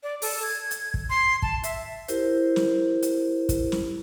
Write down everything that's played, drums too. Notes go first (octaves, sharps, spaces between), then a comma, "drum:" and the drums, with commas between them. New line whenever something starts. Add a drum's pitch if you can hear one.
D5
A4, drum: open hi-hat
G#6
drum: hi-hat
drum: kick
C6
A5, drum: kick
E5, drum: hi-hat
E4 G4 A#4 C5, drum: hi-hat
drum: snare
drum: hi-hat
drum: kick, hi-hat
drum: snare